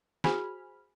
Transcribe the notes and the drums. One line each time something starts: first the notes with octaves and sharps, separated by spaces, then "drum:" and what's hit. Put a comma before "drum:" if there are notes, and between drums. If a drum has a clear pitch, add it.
F#4 G#4 C5 G#5 B5 F6, drum: snare